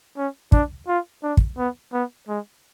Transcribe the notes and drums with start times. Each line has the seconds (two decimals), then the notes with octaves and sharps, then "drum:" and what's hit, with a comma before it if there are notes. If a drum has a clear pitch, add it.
0.17 C#4
0.52 D4, drum: kick
0.88 F4
1.23 D4
1.37 drum: kick
1.58 B3
1.93 B3
2.28 G#3